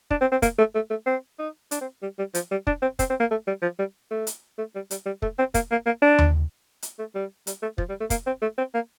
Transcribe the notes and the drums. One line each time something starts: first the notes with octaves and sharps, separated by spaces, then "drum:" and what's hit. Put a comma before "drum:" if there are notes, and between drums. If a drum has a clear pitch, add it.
D4, drum: kick
C4
C4
A#3, drum: kick, hi-hat
A3
A3
A3
C4
D#4
D4, drum: hi-hat
C4
G3
G3
F3, drum: hi-hat
G3
D4, drum: kick
C4
C4, drum: kick, hi-hat
C4
A#3
A3
G3
F3
G3
A3
drum: hi-hat
A3
G3
G3, drum: hi-hat
G3
A3, drum: kick
C4
A#3, drum: kick, hi-hat
A#3
A#3
D4
drum: tom D#2
drum: hi-hat
A3
G3
G3, drum: hi-hat
A3
F3, drum: kick
G3
A3
A#3, drum: kick, hi-hat
C4
A3
C4
A#3